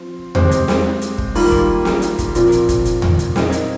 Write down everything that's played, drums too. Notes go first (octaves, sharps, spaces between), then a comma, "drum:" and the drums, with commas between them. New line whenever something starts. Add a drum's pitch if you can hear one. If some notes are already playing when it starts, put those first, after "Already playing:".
Already playing: F3 C4 F4
G#3 C4 G4 C5, drum: tom E2
drum: hi-hat
drum: snare
drum: hi-hat
drum: kick
D#3 G3 A#3 F4, drum: open hi-hat
drum: kick
drum: snare
drum: hi-hat
drum: kick, hi-hat
A#2 F3 C4 F4 A#4, drum: hi-hat
drum: hi-hat
drum: kick, hi-hat
drum: hi-hat
drum: tom E2
drum: hi-hat
C4 D#4 A#4 D#5, drum: snare
drum: hi-hat